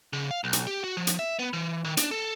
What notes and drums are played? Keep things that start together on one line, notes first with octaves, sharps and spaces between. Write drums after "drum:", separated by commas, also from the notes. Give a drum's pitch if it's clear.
C#3
F5
B1
drum: hi-hat
G4
F#4
F3
drum: hi-hat
E5
B3
E3
D#3
D4, drum: hi-hat
A4